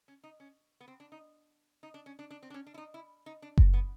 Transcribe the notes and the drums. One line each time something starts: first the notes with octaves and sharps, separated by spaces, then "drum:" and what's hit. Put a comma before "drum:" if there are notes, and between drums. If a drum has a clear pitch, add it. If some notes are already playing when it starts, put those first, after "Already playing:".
C#4
D#4
C#4
B3
C4
D4
D#4
D#4
D4
C#4
D4
D4
C4
D4
C#4
D4
E4
D#4
E4
D#4
D4
C4, drum: kick F#1
B3